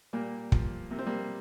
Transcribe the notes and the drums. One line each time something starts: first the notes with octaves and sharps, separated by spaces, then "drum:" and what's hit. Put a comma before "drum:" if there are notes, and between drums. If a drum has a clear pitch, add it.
A#2 G3 A#3
F3, drum: kick
C3 A#3
C4
G3 A#3